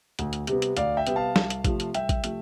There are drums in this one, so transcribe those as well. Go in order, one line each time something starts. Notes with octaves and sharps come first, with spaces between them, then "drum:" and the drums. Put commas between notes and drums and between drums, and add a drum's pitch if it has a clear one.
D2, drum: hi-hat
drum: hi-hat
C3 G3 B3, drum: hi-hat
drum: hi-hat
D2 D5 F5, drum: hi-hat
E5 G5
C3 G3 B3, drum: hi-hat
F5 A5
C2, drum: snare
drum: hi-hat
C3 F3 A3, drum: kick A1, hi-hat
drum: hi-hat
C2 E5 G5, drum: hi-hat
drum: kick A1, hi-hat
C3 F3 A3, drum: hi-hat